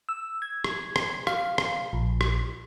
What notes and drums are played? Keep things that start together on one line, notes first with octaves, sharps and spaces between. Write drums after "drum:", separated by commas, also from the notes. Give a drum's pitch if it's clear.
E6
G#6
drum: rim click
drum: rim click
F5, drum: rim click
drum: rim click
A#1
drum: rim click